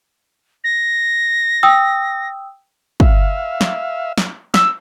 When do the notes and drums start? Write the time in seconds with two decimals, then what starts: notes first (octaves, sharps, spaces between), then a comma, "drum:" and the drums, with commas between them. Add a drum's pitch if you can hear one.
0.64 A#6
1.63 G5 D#6 E6
3.00 E5 F5, drum: kick
3.61 drum: snare
4.18 drum: snare
4.54 E6, drum: snare